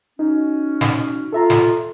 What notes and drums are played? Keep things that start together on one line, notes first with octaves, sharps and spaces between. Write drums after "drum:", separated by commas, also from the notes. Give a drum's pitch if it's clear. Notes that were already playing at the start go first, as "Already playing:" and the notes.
C#4 D#4 F#4
drum: snare
F4 A4 E5 A#5
drum: snare